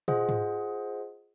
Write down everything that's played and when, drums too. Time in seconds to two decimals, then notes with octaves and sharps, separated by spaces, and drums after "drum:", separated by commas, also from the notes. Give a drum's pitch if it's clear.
0.08 F4 G#4 C5 D#5 F#5, drum: tom
0.29 drum: tom G#2